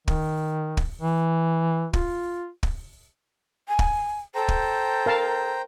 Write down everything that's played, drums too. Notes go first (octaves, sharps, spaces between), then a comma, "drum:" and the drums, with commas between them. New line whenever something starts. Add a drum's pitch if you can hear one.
D#3, drum: kick
drum: kick
E3
F4, drum: kick
drum: kick
G#5
drum: kick
A4 C5 G5 A#5
drum: kick
A#4 F5 A5